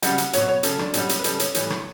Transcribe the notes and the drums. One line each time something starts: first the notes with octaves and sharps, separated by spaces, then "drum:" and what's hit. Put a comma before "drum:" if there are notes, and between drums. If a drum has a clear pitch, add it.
C#3 G3 F#4, drum: hi-hat
drum: hi-hat
B2 F#3 C#5, drum: hi-hat
C#5
C#3 F#3 A4, drum: hi-hat
D4, drum: rim click
B2 G3 C#4, drum: hi-hat
drum: hi-hat
B4
C#3 G3 A4, drum: hi-hat
C#5, drum: hi-hat
A2 E3 G3 C#5, drum: hi-hat
drum: rim click